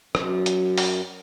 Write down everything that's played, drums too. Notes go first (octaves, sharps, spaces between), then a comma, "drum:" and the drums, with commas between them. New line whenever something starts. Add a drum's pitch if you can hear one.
F#2, drum: rim click
drum: hi-hat
drum: open hi-hat